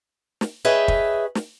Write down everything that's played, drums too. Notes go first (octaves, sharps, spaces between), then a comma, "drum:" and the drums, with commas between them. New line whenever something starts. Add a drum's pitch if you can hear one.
drum: snare
G#4 B4 C#5 D#5 E5 G5
drum: kick
drum: snare